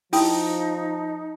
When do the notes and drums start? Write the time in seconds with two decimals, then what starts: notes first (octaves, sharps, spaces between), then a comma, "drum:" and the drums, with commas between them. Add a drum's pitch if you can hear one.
0.13 F3 D#4 E4 G5 A5 D#6, drum: open hi-hat